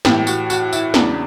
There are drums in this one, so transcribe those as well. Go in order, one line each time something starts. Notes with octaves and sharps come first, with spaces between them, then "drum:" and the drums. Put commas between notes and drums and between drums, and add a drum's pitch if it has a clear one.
A2 E3 G4, drum: snare A3
F#4, drum: tambourine
F#4, drum: tambourine
E4, drum: tambourine
E2 C#3 E3 D4, drum: snare A3